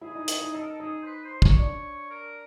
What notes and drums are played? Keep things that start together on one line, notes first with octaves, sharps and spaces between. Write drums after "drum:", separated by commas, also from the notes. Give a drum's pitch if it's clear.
E4 G#4 E5
D#4 D#5
E4 E5, drum: hi-hat
D#4 D#5
D#4 A4 D#5
A#4
A4
D#4 G#4 D#5
C5
B4
C5
C#5, drum: kick
D4 D5
A#4